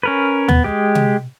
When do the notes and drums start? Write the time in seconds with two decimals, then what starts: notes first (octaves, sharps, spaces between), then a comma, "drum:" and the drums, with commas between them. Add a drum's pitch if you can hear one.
0.03 C#4 A#4 B4
0.49 B3, drum: tom
0.64 G#3 G4
0.95 drum: tom C3